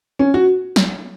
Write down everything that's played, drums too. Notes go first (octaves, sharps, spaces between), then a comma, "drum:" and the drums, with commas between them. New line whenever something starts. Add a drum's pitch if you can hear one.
C#4
F#4
drum: snare F#3